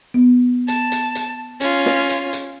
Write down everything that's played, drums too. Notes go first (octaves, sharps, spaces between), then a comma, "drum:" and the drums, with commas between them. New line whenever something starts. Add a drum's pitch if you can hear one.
B3
A5, drum: hi-hat
drum: hi-hat
drum: hi-hat
C#4 F4, drum: hi-hat
drum: snare
drum: hi-hat
drum: hi-hat